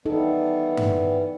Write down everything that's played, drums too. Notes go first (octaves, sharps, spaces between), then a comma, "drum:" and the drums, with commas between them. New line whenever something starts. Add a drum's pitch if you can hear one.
E3 G3 B3 D#4 A4
drum: tom G2